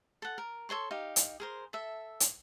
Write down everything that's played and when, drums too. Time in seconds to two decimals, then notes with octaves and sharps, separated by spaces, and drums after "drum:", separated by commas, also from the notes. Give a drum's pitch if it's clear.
0.22 A4 F#5
0.38 A#4
0.69 A4 C#5 C6 C#6
0.91 D#4 G4 F5
1.16 drum: hi-hat
1.40 G#4 A#4 C5
1.73 A4 E5
2.20 drum: hi-hat